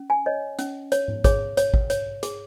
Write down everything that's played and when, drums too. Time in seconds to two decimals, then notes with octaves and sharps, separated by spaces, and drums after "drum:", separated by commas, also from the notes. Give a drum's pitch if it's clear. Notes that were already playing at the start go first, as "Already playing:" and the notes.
Already playing: C#4
0.10 G#5
0.26 C#5 D#5
0.59 C#4, drum: hi-hat
0.92 C#5, drum: hi-hat
1.08 drum: tom G#2
1.24 G#4 C#5, drum: kick, hi-hat
1.57 C#5, drum: hi-hat
1.74 drum: kick
1.90 C#5, drum: hi-hat
2.23 G#4, drum: hi-hat